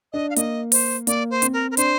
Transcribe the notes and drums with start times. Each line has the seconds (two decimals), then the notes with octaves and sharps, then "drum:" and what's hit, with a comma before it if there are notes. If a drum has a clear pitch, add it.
0.13 D4 D#5
0.30 F5
0.36 A#3 D#5, drum: hi-hat
0.72 C5, drum: open hi-hat
1.07 A#3 D5, drum: hi-hat
1.30 C5
1.42 C4, drum: hi-hat
1.53 A#4
1.71 A#4
1.77 D4 C5, drum: hi-hat